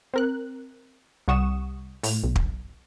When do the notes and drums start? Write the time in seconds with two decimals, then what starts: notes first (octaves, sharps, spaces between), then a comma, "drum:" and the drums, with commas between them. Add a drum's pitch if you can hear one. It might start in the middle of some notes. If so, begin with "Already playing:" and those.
0.14 C4 A#4 F#6
1.28 C2 G3 F#5 C#6 D#6 E7
2.03 A2, drum: open hi-hat
2.23 B1
2.36 drum: kick